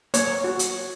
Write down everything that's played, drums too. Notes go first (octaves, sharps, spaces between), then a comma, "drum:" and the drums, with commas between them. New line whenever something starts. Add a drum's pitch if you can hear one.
A#3 C#5, drum: hi-hat
F#4
drum: hi-hat